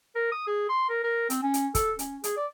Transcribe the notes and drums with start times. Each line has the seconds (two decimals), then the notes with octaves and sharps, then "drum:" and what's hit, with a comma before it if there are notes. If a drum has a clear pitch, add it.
0.15 A#4
0.32 D#6
0.47 G#4
0.69 C6
0.89 A#4
1.04 A#4
1.30 C4, drum: hi-hat
1.43 C#4
1.54 drum: hi-hat
1.75 A4, drum: kick, hi-hat
1.99 C#4, drum: hi-hat
2.24 G#4, drum: hi-hat
2.37 D5